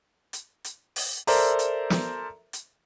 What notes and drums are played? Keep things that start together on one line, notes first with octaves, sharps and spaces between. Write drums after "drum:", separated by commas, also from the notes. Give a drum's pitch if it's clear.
drum: hi-hat
drum: hi-hat
drum: open hi-hat
A4 A#4 C5 D5 E5 A#5, drum: open hi-hat
drum: hi-hat
drum: snare
drum: hi-hat